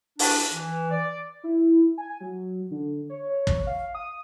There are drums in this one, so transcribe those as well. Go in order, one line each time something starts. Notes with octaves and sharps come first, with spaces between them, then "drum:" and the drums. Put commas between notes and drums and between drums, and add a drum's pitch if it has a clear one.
D4, drum: open hi-hat
E3
D5
E4
G#5
F#3
D3
C#5
C#5
drum: kick
F5
D#6